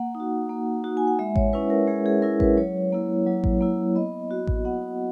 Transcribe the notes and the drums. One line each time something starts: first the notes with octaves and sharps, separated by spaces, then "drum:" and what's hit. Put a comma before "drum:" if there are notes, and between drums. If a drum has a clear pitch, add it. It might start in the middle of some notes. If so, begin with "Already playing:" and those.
Already playing: A#3 F#5
D#4
F#4
A#3
D#4 F#4
G#5
F#5
G#3 E5
C#5, drum: kick A1
C#4 E4 B4
A#4
G#3 G#4
G#4
C#4 E4 A#4
B4, drum: kick A1
F#3 C#5
A#3 E4
F#3
drum: kick A1
A#3 E4
B3 D#5
F#4
drum: kick A1
B3 F#5